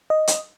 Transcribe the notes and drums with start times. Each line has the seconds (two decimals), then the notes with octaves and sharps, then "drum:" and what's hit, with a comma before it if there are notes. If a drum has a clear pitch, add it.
0.10 D#5
0.27 drum: hi-hat